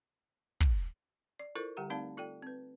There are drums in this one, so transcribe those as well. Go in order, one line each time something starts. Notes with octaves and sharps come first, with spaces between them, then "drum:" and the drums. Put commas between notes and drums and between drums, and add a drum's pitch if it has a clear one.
drum: kick
D5
E4 F4 A4 A#4 C5
D3 G3 G4 F#5 G5 A#5
A3 C4 D#4 D5 F5 A5
F4 A4 D5 G5
C4 B4